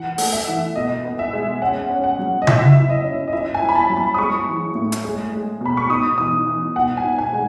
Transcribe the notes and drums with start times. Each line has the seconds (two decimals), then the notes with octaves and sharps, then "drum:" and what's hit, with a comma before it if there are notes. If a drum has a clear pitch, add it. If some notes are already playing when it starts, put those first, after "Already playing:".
Already playing: E3 F#5
0.18 A3, drum: open hi-hat
0.33 E5
0.48 E3
0.76 B2 D#5
1.04 B3
1.19 E5
1.33 G#3
1.62 C#4 F#5
1.90 C#4
2.04 F#5
2.19 F#3
2.42 D#5
2.47 E4 E5, drum: tom C#3
2.75 E4
2.90 D#5
3.04 C#4
3.28 D#5
3.33 E4 E5
3.54 G#5
3.62 E4
3.69 B5
3.75 A5
3.89 F#3
3.97 B5
4.14 D#6
4.18 G#3 C#6
4.48 E3
4.75 A2
4.92 drum: hi-hat
5.04 G#3
5.32 G#3
5.61 B2 B5
5.77 C#6
5.89 D#4 D#6
6.18 E3 D#6
6.47 E3
6.76 B2 F#5
6.97 G#5
7.04 D#4
7.18 G#5
7.33 G#3